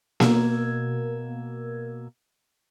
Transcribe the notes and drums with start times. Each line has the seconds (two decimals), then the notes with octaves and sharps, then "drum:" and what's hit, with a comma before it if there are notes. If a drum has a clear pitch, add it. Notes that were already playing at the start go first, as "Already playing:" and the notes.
0.20 B2 A#3 A#4 E6 G#6, drum: snare A#3